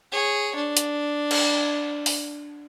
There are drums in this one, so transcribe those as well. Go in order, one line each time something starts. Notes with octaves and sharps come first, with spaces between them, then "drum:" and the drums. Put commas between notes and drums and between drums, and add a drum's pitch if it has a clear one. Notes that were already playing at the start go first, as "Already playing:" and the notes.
G#4 C#5
D4
drum: hi-hat
drum: cymbal
drum: open hi-hat